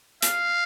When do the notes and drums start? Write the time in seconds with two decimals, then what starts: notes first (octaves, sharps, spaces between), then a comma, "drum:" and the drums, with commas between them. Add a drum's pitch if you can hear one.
0.22 F5, drum: hi-hat